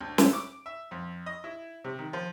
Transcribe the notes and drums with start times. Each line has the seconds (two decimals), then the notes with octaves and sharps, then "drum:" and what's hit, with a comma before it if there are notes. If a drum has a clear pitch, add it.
0.01 D2
0.18 E5, drum: snare
0.33 D6
0.66 E5
0.91 F2
1.26 D#5
1.44 E4
1.84 C3
1.99 D#3
2.13 F3